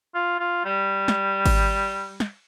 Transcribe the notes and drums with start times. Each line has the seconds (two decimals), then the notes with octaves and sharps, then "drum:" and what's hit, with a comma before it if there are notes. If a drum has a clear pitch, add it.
0.14 F4
0.40 F4
0.65 G3
1.08 drum: snare
1.46 drum: kick G#1, cymbal
2.20 drum: snare